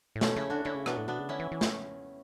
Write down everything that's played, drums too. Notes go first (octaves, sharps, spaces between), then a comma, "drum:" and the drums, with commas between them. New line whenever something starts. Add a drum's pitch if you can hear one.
A2
B2 A3 C#4, drum: snare
C#3 C#4 E4
D3 D4 F#4
D3 C#4 E4
C#3
B2 B3 D4, drum: rim click
A2
B2 B3 D4
C#3
D3 C#4 E4
E3
E3
drum: snare